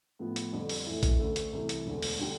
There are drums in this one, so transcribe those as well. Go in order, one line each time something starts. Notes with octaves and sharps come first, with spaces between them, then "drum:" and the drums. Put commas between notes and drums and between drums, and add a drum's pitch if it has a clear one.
A2 F3 B3
drum: hi-hat
F2 D3 G3
drum: open hi-hat
F2 E3 A3 E4 A4
drum: kick A#1, hi-hat
D2 D3 A3
drum: hi-hat
C2 C3 E3 A3
drum: hi-hat
E1 D2 D3
drum: open hi-hat
D3 G3 D4 G4